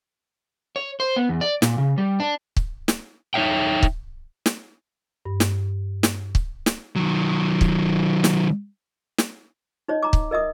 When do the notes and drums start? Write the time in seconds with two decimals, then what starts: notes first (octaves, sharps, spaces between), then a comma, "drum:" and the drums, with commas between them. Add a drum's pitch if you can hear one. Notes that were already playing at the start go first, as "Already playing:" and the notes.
0.76 C#5
1.00 C5
1.16 B3
1.29 E2
1.41 D5
1.62 A#2, drum: snare
1.78 C#3
1.98 G3
2.20 D4
2.57 drum: kick
2.88 drum: snare
3.34 D#4 C#5 E5 G5
3.83 drum: kick
4.46 drum: snare
5.25 G2
5.40 drum: snare
6.03 drum: snare
6.35 drum: kick
6.66 drum: snare
6.96 D#3 F#3
7.61 drum: kick
8.24 drum: snare
9.18 drum: snare
9.88 D#4 C#5 D#5
10.03 A#5 D6
10.13 drum: kick
10.31 A#4 D#5 E5 D#6